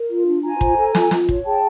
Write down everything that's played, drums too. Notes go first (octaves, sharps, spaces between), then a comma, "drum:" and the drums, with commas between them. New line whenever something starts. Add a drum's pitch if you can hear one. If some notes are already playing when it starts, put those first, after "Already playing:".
Already playing: A#4
F4
D4
F4 G#5 A#5
C5, drum: kick
A4
F4, drum: snare
F4, drum: snare
C#5, drum: kick
G#4 G5 A5